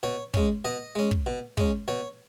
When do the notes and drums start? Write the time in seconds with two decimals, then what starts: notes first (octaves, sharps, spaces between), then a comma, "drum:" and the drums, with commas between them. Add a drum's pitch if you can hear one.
0.03 B2 C#5
0.34 G#3 C#4, drum: kick
0.65 B2 D#5
0.95 G#3 C#4
1.11 drum: kick
1.26 B2
1.57 G#3 C#4, drum: kick
1.88 B2 C#5